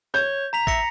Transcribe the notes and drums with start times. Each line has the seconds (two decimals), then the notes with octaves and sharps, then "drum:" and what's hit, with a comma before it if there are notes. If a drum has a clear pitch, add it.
0.14 C#5 G6
0.53 A#5 B6 F7
0.67 E5 A#6 C#7, drum: kick A1